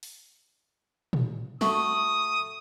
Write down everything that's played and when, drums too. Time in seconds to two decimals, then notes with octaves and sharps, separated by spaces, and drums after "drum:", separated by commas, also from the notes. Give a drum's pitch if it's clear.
0.03 drum: open hi-hat
1.13 drum: tom
1.61 A3 F#4 D#6, drum: snare